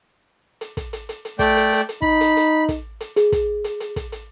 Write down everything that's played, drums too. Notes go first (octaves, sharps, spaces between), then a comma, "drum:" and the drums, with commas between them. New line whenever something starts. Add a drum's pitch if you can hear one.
drum: hi-hat
drum: kick, hi-hat
drum: hi-hat
drum: hi-hat
drum: hi-hat
A3 D5 G5, drum: kick, hi-hat
drum: hi-hat
drum: hi-hat
drum: hi-hat
D#4 B5, drum: kick
drum: hi-hat
drum: hi-hat
drum: kick, hi-hat
drum: hi-hat
G#4, drum: hi-hat
drum: kick, hi-hat
drum: hi-hat
drum: hi-hat
drum: kick, hi-hat
drum: hi-hat